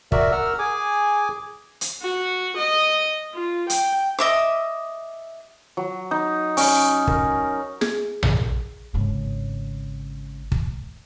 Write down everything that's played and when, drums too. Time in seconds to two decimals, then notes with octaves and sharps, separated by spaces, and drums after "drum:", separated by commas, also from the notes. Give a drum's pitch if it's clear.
0.12 F#4 A#4 D5 E5, drum: kick
0.32 A#4 F#5 E6 F6
0.59 G#4 G#5 D6
1.81 drum: hi-hat
2.03 F#4
2.57 D#5
3.34 F4
3.70 G5, drum: hi-hat
4.19 D#5 E5 D6
5.77 F#3
6.11 D#4
6.57 C#4, drum: open hi-hat
7.07 A#4, drum: kick
7.81 G#4, drum: snare
8.23 drum: tom A#1
8.94 G#1 C#3
10.52 drum: kick